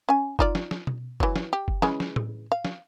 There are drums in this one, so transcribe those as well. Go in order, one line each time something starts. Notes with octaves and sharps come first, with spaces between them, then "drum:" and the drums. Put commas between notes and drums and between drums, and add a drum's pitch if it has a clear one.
C#4 G#5
D#4 F4 D5, drum: kick F#1
drum: snare
drum: snare
drum: tom B2
E3 F#3, drum: kick F#1
drum: snare
G4
drum: kick F#1
C#3 E3 G#3, drum: snare
drum: snare
drum: tom A2
F5
drum: snare